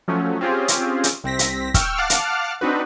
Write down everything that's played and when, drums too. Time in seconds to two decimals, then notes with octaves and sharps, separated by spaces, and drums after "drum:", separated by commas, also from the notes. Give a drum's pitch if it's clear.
0.08 F3 F#3 A3 C#4
0.41 C4 C#4 F4 G4 G#4
0.68 drum: hi-hat
1.04 drum: hi-hat
1.24 C2 C4 A#6 B6
1.39 drum: hi-hat
1.74 G5 C#6 E6 F6, drum: kick, hi-hat
1.97 F5 F#5 A5 D6 F6 C7
2.10 drum: hi-hat
2.61 C4 D4 D#4 F#4 B4